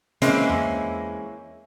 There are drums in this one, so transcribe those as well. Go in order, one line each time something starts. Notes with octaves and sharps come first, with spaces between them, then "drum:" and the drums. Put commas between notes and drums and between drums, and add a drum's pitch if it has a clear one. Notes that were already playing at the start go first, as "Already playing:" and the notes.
E3 G#3 A#3 C4 C#4 E4, drum: hi-hat
drum: tom E2